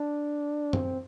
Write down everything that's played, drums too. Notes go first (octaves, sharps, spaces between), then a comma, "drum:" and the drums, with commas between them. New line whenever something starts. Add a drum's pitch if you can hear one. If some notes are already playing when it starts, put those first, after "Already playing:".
Already playing: D4
C4, drum: tom F#2